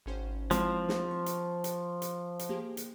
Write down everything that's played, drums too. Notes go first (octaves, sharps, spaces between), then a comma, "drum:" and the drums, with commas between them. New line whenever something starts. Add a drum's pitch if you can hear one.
G#1 C#4 C5
F3 G#3 C4 E4, drum: hi-hat
drum: snare
C#6
drum: hi-hat
drum: hi-hat
drum: hi-hat
drum: hi-hat
A#3 G4 G#4
drum: hi-hat